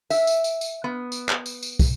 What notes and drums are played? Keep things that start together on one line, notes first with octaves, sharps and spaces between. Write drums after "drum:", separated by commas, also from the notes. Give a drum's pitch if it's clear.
E5, drum: tambourine
drum: tambourine
drum: tambourine
drum: tambourine
B3
drum: tambourine
drum: clap
drum: tambourine
drum: tambourine
drum: kick, tambourine